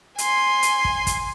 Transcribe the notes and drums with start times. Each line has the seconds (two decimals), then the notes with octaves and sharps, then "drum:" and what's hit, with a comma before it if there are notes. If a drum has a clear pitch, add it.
0.18 G#5 C6, drum: hi-hat
0.63 drum: hi-hat
0.85 drum: kick
1.07 drum: kick, hi-hat